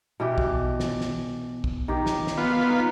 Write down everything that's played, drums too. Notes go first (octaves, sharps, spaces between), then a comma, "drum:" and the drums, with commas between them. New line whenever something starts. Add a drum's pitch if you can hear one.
B2 E3 G4
drum: kick
drum: snare
drum: snare
drum: kick
D#3 G4
drum: snare
drum: snare
B3 F4
D#4